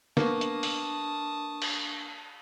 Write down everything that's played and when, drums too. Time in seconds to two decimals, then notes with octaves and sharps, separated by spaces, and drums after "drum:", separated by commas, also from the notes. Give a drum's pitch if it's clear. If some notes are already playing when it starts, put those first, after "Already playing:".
0.17 A#3 B3 D4 A5 C#6 D#6, drum: snare
0.41 drum: hi-hat
0.63 drum: open hi-hat
1.62 drum: cymbal